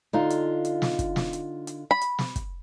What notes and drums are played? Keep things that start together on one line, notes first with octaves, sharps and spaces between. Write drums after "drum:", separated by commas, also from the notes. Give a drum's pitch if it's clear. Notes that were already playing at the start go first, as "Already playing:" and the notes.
D3 D#4 F4
drum: hi-hat
drum: hi-hat
drum: snare
drum: kick, hi-hat
drum: snare
drum: hi-hat
drum: hi-hat
B5
drum: hi-hat
drum: snare
drum: kick, hi-hat